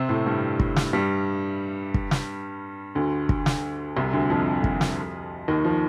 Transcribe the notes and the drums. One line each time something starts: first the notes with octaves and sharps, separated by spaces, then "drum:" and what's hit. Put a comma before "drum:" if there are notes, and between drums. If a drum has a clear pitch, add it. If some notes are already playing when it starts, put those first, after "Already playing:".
Already playing: C3 C4
A2 A3
G2 G3
drum: kick
drum: snare
G2 G3
drum: kick
drum: snare
D2 D3
drum: kick
drum: snare
C2 C3
D2 D3
F2 F3
drum: kick
drum: snare
D#2 D#3
F3